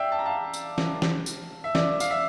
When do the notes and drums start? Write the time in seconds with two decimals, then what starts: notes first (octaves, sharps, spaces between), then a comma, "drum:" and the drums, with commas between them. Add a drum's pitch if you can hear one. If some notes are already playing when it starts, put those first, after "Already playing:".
Already playing: D5 E5 F5 G5
0.12 A5
0.19 A#5
0.26 F5 A5
0.54 drum: tambourine
0.78 drum: snare
1.02 drum: snare
1.26 drum: tambourine
1.64 E5
1.75 D5, drum: snare
2.00 F5, drum: tambourine
2.11 E5